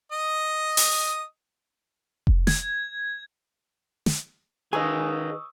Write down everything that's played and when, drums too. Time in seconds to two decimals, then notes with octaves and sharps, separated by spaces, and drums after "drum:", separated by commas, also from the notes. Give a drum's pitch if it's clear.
0.12 D#5 D#6
0.77 drum: open hi-hat
2.27 drum: kick F1
2.47 G#6, drum: snare
4.06 drum: snare
4.73 D#3 G#4 B4 D#5 G#5 C#6 D#6 E6